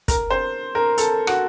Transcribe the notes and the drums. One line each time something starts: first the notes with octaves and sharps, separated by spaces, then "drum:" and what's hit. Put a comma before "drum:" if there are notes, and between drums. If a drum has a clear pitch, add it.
A#4, drum: kick, hi-hat
C5
A#4
A4, drum: hi-hat
F#4, drum: rim click